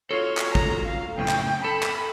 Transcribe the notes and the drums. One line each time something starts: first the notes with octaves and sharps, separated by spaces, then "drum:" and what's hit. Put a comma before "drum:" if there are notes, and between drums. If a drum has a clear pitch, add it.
F4 F#4 A4 C#5
drum: clap
A#5, drum: kick
F5
F#2 A2 C#3 G5
drum: clap
A4 B5
drum: clap